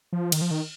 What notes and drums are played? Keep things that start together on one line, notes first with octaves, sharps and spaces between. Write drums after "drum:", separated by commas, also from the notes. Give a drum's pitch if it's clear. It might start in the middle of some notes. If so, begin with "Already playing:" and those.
F3
D#3, drum: cymbal
F3
D#3